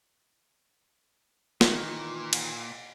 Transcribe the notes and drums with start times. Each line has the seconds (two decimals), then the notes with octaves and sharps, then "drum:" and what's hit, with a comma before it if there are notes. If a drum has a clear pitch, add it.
1.61 A#2 D#3 E3, drum: snare
2.33 drum: cymbal